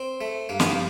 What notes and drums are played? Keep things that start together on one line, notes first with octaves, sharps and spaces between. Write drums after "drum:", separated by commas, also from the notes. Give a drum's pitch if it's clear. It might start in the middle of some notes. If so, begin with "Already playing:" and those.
Already playing: C4
A3
G2 A#3
B3, drum: snare
A#3